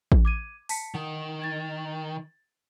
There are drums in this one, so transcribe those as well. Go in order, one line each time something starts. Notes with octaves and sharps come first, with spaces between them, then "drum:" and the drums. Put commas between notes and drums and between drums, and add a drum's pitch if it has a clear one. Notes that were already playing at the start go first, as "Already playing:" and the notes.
drum: kick A1
D6 G#6 D#7
A5 B6 C#7, drum: open hi-hat
D#3 F#5
G#6 A6